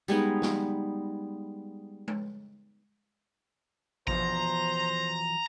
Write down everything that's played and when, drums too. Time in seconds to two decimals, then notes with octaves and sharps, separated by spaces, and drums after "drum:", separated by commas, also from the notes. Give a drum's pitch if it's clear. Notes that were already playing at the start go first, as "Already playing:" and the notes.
0.08 G3 G#3 B3 D#4, drum: tambourine
0.42 drum: snare
2.08 drum: tom G#3
4.08 E2 B2 F3 C5 A#5, drum: kick A1